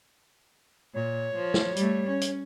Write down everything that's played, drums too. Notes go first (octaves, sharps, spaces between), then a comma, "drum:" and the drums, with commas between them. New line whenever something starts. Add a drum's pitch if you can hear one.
A#2 C#5
F3
drum: snare
G3 A3, drum: hi-hat
C#4
drum: hi-hat